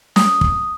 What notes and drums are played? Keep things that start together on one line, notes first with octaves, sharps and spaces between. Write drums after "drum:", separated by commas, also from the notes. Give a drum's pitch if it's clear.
D#6, drum: snare
drum: kick